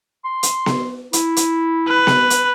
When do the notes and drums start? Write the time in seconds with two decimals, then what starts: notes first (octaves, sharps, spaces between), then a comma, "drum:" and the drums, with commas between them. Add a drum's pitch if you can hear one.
0.24 C6
0.43 drum: hi-hat
0.66 drum: snare B3
1.13 E4, drum: hi-hat
1.37 drum: hi-hat
1.88 B4
2.07 drum: snare B3
2.30 drum: hi-hat